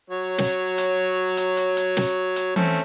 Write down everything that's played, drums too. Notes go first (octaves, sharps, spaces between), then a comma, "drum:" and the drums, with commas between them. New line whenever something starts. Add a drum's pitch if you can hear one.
F#3 C#5
drum: snare
drum: hi-hat
drum: hi-hat
drum: hi-hat
drum: hi-hat
drum: snare
drum: hi-hat
A3 C4 C#4, drum: tom E3